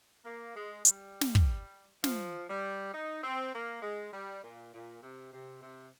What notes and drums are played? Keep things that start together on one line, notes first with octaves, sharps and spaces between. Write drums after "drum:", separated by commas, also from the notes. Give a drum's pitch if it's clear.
A#3
G#3
G3, drum: hi-hat
drum: snare
drum: kick
F3, drum: snare
G3
D#4
C4
A#3
G#3
G3
A#2
A#2
C3
C3
C3